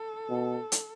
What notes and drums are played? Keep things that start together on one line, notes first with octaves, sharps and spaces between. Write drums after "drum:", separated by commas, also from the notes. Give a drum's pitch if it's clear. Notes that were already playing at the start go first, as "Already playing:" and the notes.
Already playing: A4
B2
drum: hi-hat